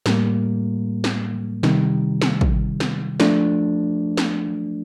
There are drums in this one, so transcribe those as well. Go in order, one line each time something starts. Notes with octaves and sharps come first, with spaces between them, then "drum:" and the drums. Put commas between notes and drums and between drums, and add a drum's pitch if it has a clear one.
A2 G3 A#3, drum: snare
drum: snare
C3 D#3 G3, drum: snare
drum: snare
drum: kick
drum: snare
F3 A3 D4, drum: snare
drum: snare